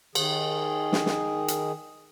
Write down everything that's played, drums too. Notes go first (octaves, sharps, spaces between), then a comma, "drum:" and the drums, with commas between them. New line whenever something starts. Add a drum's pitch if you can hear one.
D#3 G#4, drum: cymbal
drum: snare
drum: snare
drum: hi-hat